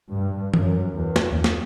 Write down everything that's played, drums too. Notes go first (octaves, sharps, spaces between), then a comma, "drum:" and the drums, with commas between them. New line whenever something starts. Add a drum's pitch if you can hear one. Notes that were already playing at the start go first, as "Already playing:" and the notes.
G2
F#2, drum: tom E3
E2
drum: snare
E2
drum: snare